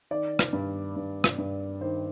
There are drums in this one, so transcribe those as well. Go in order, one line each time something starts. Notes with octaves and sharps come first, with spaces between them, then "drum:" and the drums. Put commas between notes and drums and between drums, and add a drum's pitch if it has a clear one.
D#3 D5
drum: rim click
G2
G2
drum: rim click
G2
D#3 C5